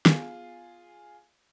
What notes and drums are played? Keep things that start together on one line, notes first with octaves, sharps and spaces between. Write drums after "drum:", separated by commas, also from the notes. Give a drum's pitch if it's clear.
B3 F4 G#4, drum: snare